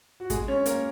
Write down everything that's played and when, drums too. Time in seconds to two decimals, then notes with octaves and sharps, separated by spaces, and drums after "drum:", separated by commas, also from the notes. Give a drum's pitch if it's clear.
0.20 F#4
0.30 G#3 G#4, drum: kick, hi-hat
0.48 C#4 C#5
0.66 A#3 A#4, drum: hi-hat